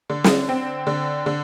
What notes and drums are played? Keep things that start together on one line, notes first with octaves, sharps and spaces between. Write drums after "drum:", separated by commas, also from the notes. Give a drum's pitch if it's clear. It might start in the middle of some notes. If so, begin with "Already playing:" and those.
D3
drum: snare
C4
D3
D3